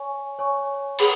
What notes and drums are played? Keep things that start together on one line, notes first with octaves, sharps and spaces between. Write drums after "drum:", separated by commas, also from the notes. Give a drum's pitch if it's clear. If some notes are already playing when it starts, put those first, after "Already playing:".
Already playing: C#5 G#5 C#6
C#5 G#5 C#6
G#4 B4 F#5 B5, drum: cymbal